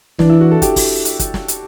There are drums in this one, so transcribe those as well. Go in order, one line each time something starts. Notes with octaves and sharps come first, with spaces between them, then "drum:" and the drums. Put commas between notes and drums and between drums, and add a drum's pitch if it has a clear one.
E3 D4, drum: snare
E4
F#4
A4
G4, drum: kick, hi-hat
drum: kick, open hi-hat
drum: hi-hat
drum: kick, hi-hat
drum: snare
drum: hi-hat